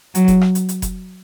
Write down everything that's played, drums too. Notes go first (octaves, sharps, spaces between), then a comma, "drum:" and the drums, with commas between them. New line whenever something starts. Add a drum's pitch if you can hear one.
F#3, drum: hi-hat
drum: kick F1, hi-hat
drum: rim click
drum: hi-hat
drum: hi-hat
drum: kick F1, hi-hat